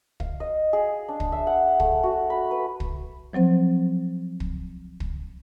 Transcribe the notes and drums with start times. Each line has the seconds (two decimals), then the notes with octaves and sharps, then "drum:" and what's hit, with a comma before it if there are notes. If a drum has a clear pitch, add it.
0.20 F5, drum: kick
0.40 D#5
0.73 G#4
1.08 D4
1.20 drum: kick
1.32 E5
1.47 F#5
1.80 A3, drum: kick
2.03 F#4
2.30 B5
2.51 B4
2.80 drum: kick
3.33 F3 F#3 C4 C5
4.40 drum: kick
5.00 drum: kick